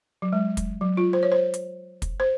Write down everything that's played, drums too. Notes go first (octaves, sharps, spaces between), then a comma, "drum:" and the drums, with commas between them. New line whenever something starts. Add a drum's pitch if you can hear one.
F#3
G#3
drum: kick, hi-hat
F#3
F4
C5
C#5
C5
drum: hi-hat
drum: kick, hi-hat
C5